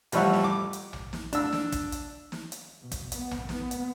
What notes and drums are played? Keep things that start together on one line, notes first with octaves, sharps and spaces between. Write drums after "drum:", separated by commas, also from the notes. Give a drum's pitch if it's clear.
A1 F3 G3 C#5 E5 F#5, drum: hi-hat
drum: snare
D6
drum: hi-hat
drum: tom A#1
drum: snare
D4 E6, drum: hi-hat
drum: snare
drum: kick, hi-hat
drum: hi-hat
drum: snare
drum: hi-hat
B2
drum: kick, hi-hat
B3, drum: hi-hat
drum: tom A#1
B3, drum: snare
drum: hi-hat